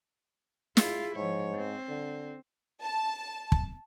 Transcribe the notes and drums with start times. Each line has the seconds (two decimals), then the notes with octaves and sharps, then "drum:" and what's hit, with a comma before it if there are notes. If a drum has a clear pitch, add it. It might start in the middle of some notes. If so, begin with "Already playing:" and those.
0.77 E4 F4 G#4, drum: snare
1.16 G#2 F3 C#5
1.56 C4
1.89 D3
2.82 A5
3.52 drum: kick